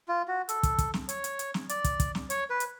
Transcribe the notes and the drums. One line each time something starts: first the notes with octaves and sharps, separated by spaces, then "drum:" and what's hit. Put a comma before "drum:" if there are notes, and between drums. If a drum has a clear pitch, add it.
F4
F#4
A4, drum: hi-hat
drum: kick, hi-hat
drum: kick, hi-hat
drum: snare
C#5, drum: hi-hat
drum: hi-hat
drum: hi-hat
drum: snare
D5, drum: hi-hat
drum: kick, hi-hat
drum: kick, hi-hat
drum: snare
C#5, drum: hi-hat
B4
drum: hi-hat